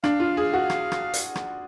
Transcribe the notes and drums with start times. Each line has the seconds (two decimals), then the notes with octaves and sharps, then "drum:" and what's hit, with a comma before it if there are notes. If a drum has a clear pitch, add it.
0.04 D4 F5, drum: rim click
0.20 F4
0.37 G#4
0.53 F#4
0.70 drum: rim click
0.92 drum: rim click
1.14 drum: hi-hat
1.35 drum: rim click